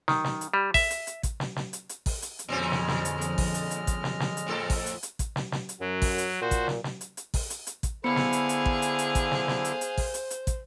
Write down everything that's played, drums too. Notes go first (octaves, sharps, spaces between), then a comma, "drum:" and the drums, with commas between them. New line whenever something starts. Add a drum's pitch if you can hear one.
D#3, drum: snare
drum: snare
drum: hi-hat
G3
E5, drum: kick, open hi-hat
drum: hi-hat
drum: hi-hat
drum: kick, hi-hat
drum: snare
drum: snare
drum: hi-hat
drum: hi-hat
drum: kick, open hi-hat
drum: hi-hat
drum: hi-hat
F2 A#2 D3 G#3 C4 C#4 D#5 F6
drum: snare
drum: snare
drum: hi-hat
drum: hi-hat
drum: kick, open hi-hat
drum: hi-hat
drum: hi-hat
drum: kick, hi-hat
drum: snare
drum: snare
drum: hi-hat
F2 A2 A4
drum: kick, open hi-hat
drum: hi-hat
drum: hi-hat
drum: kick, hi-hat
drum: snare
drum: snare
drum: hi-hat
F#2 F#3
drum: kick, open hi-hat
drum: hi-hat
A#2 F#4 C5
drum: kick, hi-hat
drum: snare
drum: snare
drum: hi-hat
drum: hi-hat
drum: kick, open hi-hat
drum: hi-hat
drum: hi-hat
drum: kick, hi-hat
D3 B3 E4 G#4 C5 F5 B5 C#7
drum: snare
drum: hi-hat
drum: hi-hat
drum: kick
drum: hi-hat
drum: hi-hat
drum: kick, hi-hat
drum: snare
drum: snare
drum: hi-hat
drum: hi-hat
drum: kick, open hi-hat
drum: hi-hat
drum: hi-hat
drum: kick, hi-hat